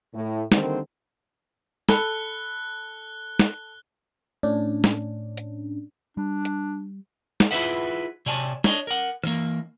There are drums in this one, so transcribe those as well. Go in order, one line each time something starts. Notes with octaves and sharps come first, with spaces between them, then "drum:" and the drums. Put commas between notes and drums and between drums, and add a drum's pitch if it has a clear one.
A2
D3 D#3 G3 A#3 C4, drum: snare
A4 B5 F#6 G7, drum: snare
drum: snare
A2 C#4 D4
drum: snare
drum: hi-hat
G3 D4
drum: hi-hat
drum: snare
E4 F4 G#4 B4 E5 F#5
C3 C#5 D5 G#5 A5
D4 C#5 D#5, drum: snare
A#4 F#5
E3 A#3, drum: rim click